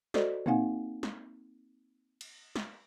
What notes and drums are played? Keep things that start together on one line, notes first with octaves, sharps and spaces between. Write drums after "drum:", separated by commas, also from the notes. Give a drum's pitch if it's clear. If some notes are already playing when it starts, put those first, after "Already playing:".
F#4 A4 C5 D5 D#5, drum: snare
A#3 C4 D#4 F5 F#5 G#5, drum: tom
drum: snare
drum: cymbal
drum: snare